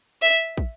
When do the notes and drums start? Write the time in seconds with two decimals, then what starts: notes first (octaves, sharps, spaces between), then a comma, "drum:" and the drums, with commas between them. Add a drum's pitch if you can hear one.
0.22 E5
0.57 drum: kick